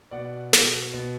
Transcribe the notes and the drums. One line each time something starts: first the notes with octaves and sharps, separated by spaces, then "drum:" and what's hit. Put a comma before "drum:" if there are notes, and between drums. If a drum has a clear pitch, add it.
B2 D5 F#5
B2, drum: snare
B2